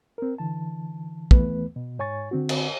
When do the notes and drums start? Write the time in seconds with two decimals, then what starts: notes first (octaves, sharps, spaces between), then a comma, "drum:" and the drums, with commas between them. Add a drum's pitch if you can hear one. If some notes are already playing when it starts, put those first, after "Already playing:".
0.18 C4 A#4
0.38 D3 E3 A5
1.31 D#2 E3 A3 B3 B4, drum: kick
1.76 B2
1.99 G#2 C#5 G#5 C#6 A6
2.31 D3 C4 F#4
2.49 drum: cymbal